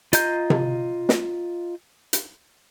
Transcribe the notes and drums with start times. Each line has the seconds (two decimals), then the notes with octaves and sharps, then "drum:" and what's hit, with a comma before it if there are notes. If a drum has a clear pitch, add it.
0.13 F4 D#5 A#5 G6, drum: hi-hat
0.50 drum: tom C3
1.09 drum: snare
2.13 drum: hi-hat